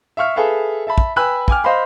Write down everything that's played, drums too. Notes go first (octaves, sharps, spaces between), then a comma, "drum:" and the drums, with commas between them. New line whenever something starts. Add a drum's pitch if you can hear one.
E5 F5 C#6 F6
G#4 A4 B4 E5 F5
E5 A5 B5
drum: kick
B4 G5 G#5 B5 E6 F#6
G5 G#5 D6 F6, drum: kick
C5 D#5 F5 B5 C6